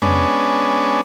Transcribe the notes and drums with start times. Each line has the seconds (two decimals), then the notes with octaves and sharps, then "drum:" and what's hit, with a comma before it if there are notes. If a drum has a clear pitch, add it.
0.02 G#3 B3 C#4 D4, drum: tom F2